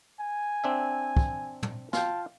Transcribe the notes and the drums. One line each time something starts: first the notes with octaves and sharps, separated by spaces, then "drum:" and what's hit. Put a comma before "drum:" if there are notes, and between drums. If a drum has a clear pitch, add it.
G#5
C4 D4 E5
drum: kick
drum: tom
F4 F5 G5 A5, drum: snare